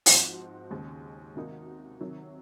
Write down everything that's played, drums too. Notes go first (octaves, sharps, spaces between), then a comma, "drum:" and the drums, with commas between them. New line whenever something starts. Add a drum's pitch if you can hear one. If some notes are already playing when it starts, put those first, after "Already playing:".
G#2 F3 C4 F#4, drum: open hi-hat
D#2 C#3 G#3
C3 D#3 A#3 D#4 F#4
C3 D#3 F#3